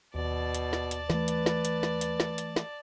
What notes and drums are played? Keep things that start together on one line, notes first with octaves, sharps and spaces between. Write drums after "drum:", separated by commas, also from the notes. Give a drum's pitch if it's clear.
D#2 B2 D5 A5
drum: hi-hat
drum: snare
drum: hi-hat
E3 A3 B4, drum: snare
drum: hi-hat
drum: snare
drum: hi-hat
drum: snare
drum: hi-hat
drum: snare
drum: hi-hat
drum: snare